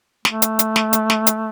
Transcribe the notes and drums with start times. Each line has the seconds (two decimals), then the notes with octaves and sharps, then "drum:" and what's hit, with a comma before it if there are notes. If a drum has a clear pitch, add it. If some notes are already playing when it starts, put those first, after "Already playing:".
0.25 A3, drum: snare
0.42 drum: hi-hat
0.59 drum: hi-hat
0.76 drum: snare
0.93 drum: hi-hat
1.10 drum: snare
1.27 drum: hi-hat